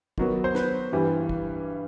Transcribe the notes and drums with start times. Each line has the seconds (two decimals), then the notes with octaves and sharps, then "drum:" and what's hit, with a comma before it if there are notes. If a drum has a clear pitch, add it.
0.18 D#3 F#3 B3, drum: kick
0.44 C5
0.55 B4, drum: snare
0.92 G2 E3 G3
1.29 drum: kick